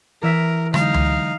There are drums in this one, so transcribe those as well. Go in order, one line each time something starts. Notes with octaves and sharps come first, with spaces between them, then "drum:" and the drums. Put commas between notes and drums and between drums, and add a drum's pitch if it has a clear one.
E3 A#4 E5 B6
D3 F#3 G#3 D#4 F5, drum: rim click
drum: tom C#2